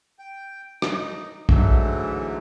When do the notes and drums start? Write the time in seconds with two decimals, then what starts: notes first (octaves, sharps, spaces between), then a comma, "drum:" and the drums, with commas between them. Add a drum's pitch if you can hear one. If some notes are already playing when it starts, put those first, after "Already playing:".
0.19 G5
0.82 D#4, drum: rim click
1.49 G#2 D3 E3 F#3 A3, drum: kick